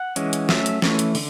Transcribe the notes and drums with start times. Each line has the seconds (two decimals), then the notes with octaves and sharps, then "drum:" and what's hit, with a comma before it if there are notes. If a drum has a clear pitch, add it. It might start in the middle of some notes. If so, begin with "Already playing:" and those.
Already playing: F#5
0.16 E3 G#3 C#4, drum: hi-hat
0.33 drum: hi-hat
0.49 F#3 A3 C#4 E5, drum: snare
0.66 drum: hi-hat
0.82 E3 A3 C#4, drum: snare
0.99 drum: hi-hat
1.15 D3, drum: open hi-hat